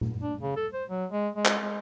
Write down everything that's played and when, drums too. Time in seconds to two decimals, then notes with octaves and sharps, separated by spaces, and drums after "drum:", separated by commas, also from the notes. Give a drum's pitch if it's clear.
0.01 drum: tom A#2
0.22 D4
0.41 C#3
0.56 A4
0.73 C5
0.90 F#3
1.12 G#3
1.36 G#3
1.45 drum: clap
1.62 G#3